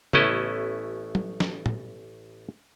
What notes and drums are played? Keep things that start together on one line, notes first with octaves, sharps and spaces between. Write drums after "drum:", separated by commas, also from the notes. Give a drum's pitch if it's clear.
A1 A3 B3 C#4 E4 D#5, drum: tom
drum: tom
drum: snare
drum: tom A2